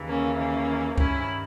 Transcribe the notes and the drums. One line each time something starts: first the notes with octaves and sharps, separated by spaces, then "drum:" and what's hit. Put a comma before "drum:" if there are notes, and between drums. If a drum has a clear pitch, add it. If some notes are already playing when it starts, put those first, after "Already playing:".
Already playing: D#2 C#3 E3
A#3 C#4
A#3 C#4
G2 D#3 C#4 E4, drum: kick C#2